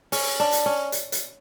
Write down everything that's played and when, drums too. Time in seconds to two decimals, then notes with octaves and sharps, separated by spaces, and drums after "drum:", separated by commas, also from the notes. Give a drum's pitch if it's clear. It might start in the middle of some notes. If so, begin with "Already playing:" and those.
0.12 C#4, drum: open hi-hat
0.40 D4
0.52 drum: hi-hat
0.66 C#4
0.92 drum: hi-hat
1.12 drum: hi-hat